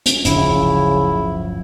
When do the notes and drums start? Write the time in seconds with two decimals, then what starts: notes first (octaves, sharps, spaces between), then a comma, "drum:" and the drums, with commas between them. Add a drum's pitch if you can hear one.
0.06 drum: hi-hat
0.25 D1 G1 C#3 F3 E4, drum: hi-hat